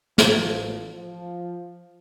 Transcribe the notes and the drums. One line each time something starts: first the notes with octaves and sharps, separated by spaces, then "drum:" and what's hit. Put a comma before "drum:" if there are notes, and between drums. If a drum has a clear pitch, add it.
A1 F3, drum: snare
F3